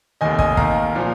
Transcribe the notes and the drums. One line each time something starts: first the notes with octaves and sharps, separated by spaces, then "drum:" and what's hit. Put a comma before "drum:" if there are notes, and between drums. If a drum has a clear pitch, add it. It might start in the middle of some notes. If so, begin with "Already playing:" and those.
F1 D#2 D#3 D#5 G#5
D#5 G#5, drum: kick
D#2 D#3 F5 A#5, drum: kick
A#2 F3